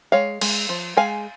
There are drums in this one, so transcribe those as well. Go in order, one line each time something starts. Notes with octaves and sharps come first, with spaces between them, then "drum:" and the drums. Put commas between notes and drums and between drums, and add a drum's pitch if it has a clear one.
G#3 C#5 F5
G#3, drum: cymbal
F3
G#3 F5 G#5